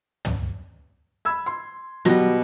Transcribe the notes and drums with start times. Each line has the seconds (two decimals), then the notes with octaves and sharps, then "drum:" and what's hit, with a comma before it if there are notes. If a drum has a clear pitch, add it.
0.25 drum: tom
1.25 B5 E6 G#6
1.46 C6
2.05 B2 F#3 G3 A#6, drum: snare